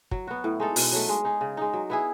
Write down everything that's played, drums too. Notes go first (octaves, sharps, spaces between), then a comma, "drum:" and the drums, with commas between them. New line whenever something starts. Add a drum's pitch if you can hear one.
F#3, drum: kick
B3 F#4
A2
G#3 D#4 A4
B2, drum: open hi-hat
F#3 A3
G#3
D#4 G#4
C#3
G#3 D#4
F#3
B3 E4 G#4